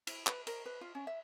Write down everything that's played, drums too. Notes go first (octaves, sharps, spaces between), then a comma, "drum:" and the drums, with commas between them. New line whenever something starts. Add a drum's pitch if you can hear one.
E4, drum: cymbal
B4, drum: clap
A#4, drum: cymbal
B4
F4
C#4
E5